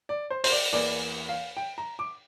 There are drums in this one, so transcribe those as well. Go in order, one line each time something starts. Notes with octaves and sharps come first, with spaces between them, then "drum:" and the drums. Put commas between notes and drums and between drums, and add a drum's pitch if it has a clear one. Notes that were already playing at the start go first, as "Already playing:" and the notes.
D5
C5
C5, drum: open hi-hat
D5
E2 E3 A#3 D5
F5
G5
A#5
D6